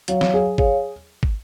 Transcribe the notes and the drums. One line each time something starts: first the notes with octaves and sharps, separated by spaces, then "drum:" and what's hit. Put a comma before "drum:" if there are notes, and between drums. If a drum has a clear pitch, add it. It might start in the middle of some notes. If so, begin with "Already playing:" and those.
F#3 C#5 F5, drum: hi-hat
drum: snare E3
G#4
G#4 C#5 F5, drum: kick
drum: kick